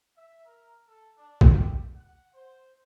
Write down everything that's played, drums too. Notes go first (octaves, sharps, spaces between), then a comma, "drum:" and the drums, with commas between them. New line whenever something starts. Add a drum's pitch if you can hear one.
E5
A#4
A4
D4
drum: kick
G4
F#5
C5